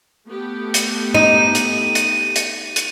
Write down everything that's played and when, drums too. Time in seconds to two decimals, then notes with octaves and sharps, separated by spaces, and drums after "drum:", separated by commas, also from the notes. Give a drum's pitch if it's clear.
0.28 A3 B3 G4
0.74 drum: hi-hat
1.14 D#4 D#7
1.55 drum: hi-hat
1.95 drum: hi-hat
2.36 drum: hi-hat
2.76 drum: hi-hat